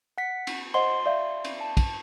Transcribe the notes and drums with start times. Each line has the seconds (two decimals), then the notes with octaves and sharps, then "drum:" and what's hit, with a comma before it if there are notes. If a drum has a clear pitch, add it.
0.18 F#5 B6
0.47 drum: cymbal
0.74 C5 D#5 F#5 C6
1.06 D5 E5 F5
1.44 drum: cymbal
1.61 A5
1.77 drum: kick, cymbal